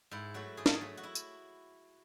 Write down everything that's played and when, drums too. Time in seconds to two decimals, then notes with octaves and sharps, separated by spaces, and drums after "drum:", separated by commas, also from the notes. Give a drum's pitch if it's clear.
0.11 G#2 E4
0.34 F#3 A3 F#4
0.57 G#2 G#4
0.66 A4, drum: snare
0.74 G#4
0.81 F#3 A3
0.97 F#4
1.03 E4
1.15 drum: tambourine